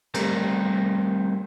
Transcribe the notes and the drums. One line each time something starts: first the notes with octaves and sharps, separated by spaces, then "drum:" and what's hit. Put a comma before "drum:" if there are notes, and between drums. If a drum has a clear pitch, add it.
G3 A3 C4 D#4 G4 A#4, drum: cymbal